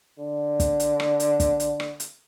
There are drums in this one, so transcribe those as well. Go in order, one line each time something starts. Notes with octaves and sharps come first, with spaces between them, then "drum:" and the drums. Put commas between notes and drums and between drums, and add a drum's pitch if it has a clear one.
D3
drum: kick, hi-hat
drum: hi-hat
drum: rim click
drum: hi-hat
drum: kick, hi-hat
drum: hi-hat
drum: rim click
drum: hi-hat